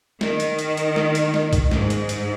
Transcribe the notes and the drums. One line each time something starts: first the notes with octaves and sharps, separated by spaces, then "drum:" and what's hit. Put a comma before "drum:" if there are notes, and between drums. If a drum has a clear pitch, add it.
D#3, drum: snare
drum: hi-hat
drum: hi-hat
drum: hi-hat
drum: snare
drum: hi-hat
drum: snare
drum: kick C2, hi-hat
G#2, drum: snare
drum: hi-hat
drum: hi-hat